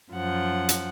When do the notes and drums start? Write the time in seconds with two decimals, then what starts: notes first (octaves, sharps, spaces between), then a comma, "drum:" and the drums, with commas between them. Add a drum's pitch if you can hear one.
0.13 F#2 F3 F#5
0.69 drum: hi-hat